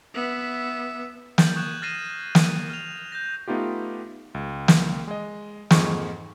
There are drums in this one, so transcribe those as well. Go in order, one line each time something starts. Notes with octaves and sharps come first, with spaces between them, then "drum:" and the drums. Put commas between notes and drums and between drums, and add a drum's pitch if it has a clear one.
B3 E5
G6 A6 F#7, drum: snare
C#6 D#6 F#6 G#6 E7
F6 A6 A#6 C7 D#7 E7
drum: snare
F6 F7
G6 A#6
A3 B3 D#4 F4 G4
C#2
drum: snare
G#3 D#5
F2 G#2 G#4 C#6, drum: snare